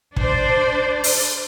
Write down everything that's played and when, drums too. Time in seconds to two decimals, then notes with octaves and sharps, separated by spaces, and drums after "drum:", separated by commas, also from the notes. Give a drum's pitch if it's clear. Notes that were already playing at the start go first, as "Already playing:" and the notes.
0.16 D4 C5 D5, drum: kick
1.04 drum: open hi-hat